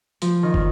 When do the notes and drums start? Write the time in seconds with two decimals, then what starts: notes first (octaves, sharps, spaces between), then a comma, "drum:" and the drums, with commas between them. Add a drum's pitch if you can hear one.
0.22 F3, drum: hi-hat
0.43 D#3
0.54 drum: kick